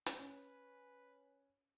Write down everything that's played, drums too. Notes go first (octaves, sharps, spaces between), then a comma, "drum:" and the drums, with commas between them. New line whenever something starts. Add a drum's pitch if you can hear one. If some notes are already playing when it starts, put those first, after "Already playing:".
drum: hi-hat
C#4 B4